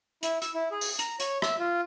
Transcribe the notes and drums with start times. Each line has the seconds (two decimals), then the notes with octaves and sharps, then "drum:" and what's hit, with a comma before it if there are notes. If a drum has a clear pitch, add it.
0.23 E4, drum: hi-hat
0.42 E6, drum: hi-hat
0.54 E4
0.71 G#4
0.81 drum: open hi-hat
0.99 A#5, drum: hi-hat
1.20 C#5, drum: hi-hat
1.42 E5, drum: rim click
1.59 F4